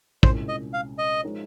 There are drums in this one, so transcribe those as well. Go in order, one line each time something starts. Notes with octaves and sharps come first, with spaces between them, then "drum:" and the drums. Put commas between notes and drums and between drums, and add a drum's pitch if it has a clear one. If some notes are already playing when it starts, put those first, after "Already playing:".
C2 A#2 G#3 C#4 G#4 C5, drum: kick
D#5
F5
D#5
F3 G#3 D#4 A#4 C#5